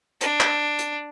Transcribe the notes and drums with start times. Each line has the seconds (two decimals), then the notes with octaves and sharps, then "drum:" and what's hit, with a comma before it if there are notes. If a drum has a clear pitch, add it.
0.21 D4, drum: hi-hat
0.40 drum: clap
0.79 drum: hi-hat